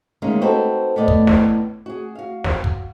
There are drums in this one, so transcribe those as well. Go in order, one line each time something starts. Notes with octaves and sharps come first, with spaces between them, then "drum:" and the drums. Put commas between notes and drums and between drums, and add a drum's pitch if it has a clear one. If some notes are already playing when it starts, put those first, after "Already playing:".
D2 D#3 G#3 A#3 C#4 F5
C4 D#4 F#4 A4 B4 C5
A2 B3 D5 D#5
drum: kick
drum: snare
F#4 G#4
F#4 F5
drum: snare
drum: kick